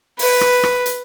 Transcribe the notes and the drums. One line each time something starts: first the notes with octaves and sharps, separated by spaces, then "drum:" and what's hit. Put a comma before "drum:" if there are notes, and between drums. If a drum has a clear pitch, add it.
B4, drum: open hi-hat
drum: rim click
drum: rim click
drum: hi-hat